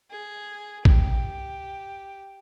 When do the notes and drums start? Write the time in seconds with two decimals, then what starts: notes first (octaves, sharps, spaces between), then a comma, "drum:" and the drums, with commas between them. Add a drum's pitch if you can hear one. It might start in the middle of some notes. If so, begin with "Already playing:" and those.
0.11 G#4
0.85 G4, drum: kick